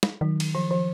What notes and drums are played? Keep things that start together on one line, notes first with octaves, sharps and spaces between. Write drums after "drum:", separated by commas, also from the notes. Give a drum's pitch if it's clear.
drum: snare
D#3 F#3
drum: cymbal
F3
F3